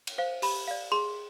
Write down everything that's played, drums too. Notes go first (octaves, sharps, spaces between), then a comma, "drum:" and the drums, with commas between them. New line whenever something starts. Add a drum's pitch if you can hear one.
drum: cymbal
C5 F5
G4 B5, drum: open hi-hat
D5 F5
G#4 C6